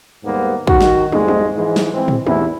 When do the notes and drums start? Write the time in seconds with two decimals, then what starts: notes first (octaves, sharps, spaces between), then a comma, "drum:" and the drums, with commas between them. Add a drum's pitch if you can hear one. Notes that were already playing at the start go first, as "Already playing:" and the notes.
0.24 D#2 G#2 G3 A#3 B3
0.67 D#3 F#4, drum: kick
0.81 drum: snare
1.12 F2 G#2 G3 G#3, drum: tom
1.28 drum: tom
1.55 G#2 E3 F3 G#3
1.76 drum: snare
1.93 E3 G#3 C4
2.08 drum: tom
2.27 B1 E2 C3 E4, drum: tom